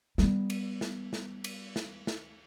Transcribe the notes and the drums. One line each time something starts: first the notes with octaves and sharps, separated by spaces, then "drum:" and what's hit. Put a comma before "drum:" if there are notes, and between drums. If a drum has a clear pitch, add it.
G3 B3, drum: snare
drum: cymbal
drum: snare
drum: snare
drum: cymbal
drum: snare
drum: snare